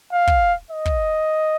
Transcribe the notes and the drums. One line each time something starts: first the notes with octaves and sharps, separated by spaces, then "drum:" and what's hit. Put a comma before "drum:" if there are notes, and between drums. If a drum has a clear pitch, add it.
F5
drum: kick
D#5
drum: kick